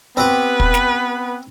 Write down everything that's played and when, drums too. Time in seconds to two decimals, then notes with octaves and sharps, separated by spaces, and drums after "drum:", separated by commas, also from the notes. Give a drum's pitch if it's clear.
0.17 B3 C4 G4 B4
0.60 drum: kick
0.74 drum: snare